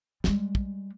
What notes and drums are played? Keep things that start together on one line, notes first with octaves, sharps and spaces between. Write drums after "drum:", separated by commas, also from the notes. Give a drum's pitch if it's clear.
G3 G#3, drum: snare
drum: kick